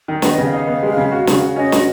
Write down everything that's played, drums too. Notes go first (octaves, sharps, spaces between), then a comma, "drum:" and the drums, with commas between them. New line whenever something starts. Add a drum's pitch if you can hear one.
D#3
B3 D#5, drum: snare
C#3
F5
D#4
B3
G#3
C#3
F#4
C#3, drum: snare
F#4
C#4 D#5
F#4, drum: snare